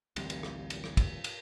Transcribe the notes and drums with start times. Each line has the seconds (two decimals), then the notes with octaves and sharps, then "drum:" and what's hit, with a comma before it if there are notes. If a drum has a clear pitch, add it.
0.16 A1 D2 G3 C4, drum: cymbal
0.30 drum: cymbal
0.43 drum: rim click
0.70 drum: cymbal
0.84 drum: rim click
0.97 drum: kick, cymbal
1.24 drum: cymbal